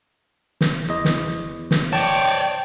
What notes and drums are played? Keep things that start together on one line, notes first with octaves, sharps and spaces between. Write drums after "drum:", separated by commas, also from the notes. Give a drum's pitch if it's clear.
drum: snare
E2 D#5
drum: snare
drum: snare
C#5 D5 G5 A5